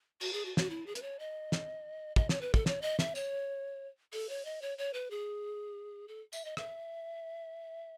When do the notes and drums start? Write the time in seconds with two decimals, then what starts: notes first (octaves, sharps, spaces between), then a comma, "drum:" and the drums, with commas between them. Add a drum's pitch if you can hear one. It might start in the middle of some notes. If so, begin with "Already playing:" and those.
0.21 F#4, drum: cymbal
0.33 G#4
0.45 F#4
0.57 F#4, drum: snare
0.70 E4
0.86 G#4
0.95 B4, drum: hi-hat
1.02 C#5
1.19 D#5
1.52 drum: snare
2.16 D#5, drum: kick
2.29 C#5, drum: snare
2.41 B4
2.54 A4, drum: kick
2.66 C#5, drum: snare
2.82 D#5
2.99 E5, drum: snare
3.15 C#5, drum: tambourine
4.13 A4, drum: open hi-hat
4.29 C#5
4.45 D#5
4.62 C#5
4.78 C#5
4.93 B4
5.11 G#4
6.08 A4
6.33 E5, drum: tambourine
6.45 D#5
6.57 E5, drum: rim click